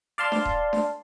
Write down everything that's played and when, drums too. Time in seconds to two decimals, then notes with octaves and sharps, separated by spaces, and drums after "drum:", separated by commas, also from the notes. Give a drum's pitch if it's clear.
0.18 D5 F5 A5 C6
0.32 drum: snare D4
0.45 drum: kick D#1
0.73 drum: snare D4